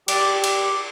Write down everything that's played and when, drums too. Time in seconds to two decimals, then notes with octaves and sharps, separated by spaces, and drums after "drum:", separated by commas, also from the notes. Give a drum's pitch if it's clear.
0.08 G4 D5, drum: cymbal
0.44 drum: cymbal